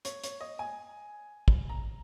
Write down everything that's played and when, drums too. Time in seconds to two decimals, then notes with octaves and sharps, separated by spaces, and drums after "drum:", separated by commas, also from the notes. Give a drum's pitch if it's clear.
0.05 C#5, drum: hi-hat
0.24 C#5, drum: hi-hat
0.41 D#5
0.59 G#5
1.48 drum: kick
1.69 A#5